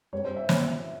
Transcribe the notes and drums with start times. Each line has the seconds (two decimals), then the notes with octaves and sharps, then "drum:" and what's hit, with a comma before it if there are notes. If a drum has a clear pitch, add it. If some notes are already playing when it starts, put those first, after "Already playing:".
0.13 G2 G3 C4 C#5
0.25 C5
0.36 E5
0.49 C#5, drum: snare
0.60 E5